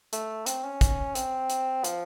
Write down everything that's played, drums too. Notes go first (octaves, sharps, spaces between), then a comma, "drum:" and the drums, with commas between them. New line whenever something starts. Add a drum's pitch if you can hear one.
A3, drum: hi-hat
C4, drum: hi-hat
C#4
drum: kick, hi-hat
C4, drum: hi-hat
drum: hi-hat
F3, drum: hi-hat